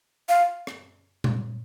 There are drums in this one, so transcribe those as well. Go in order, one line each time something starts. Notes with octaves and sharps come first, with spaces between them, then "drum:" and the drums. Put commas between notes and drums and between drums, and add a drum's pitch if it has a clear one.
F5
drum: rim click
drum: tom A#2